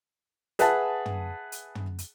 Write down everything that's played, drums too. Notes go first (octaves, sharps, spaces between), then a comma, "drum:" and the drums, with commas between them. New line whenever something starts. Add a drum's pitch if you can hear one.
G#4 B4 E5 F#5 A5, drum: hi-hat
drum: tom
drum: hi-hat
drum: tom
drum: hi-hat